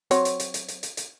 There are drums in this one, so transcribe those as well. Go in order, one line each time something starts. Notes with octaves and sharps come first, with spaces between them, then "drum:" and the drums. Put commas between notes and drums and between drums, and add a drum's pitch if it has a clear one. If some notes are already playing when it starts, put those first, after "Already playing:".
F#3 C4 C#5, drum: hi-hat
drum: hi-hat
drum: hi-hat
drum: hi-hat
drum: hi-hat
drum: hi-hat
drum: hi-hat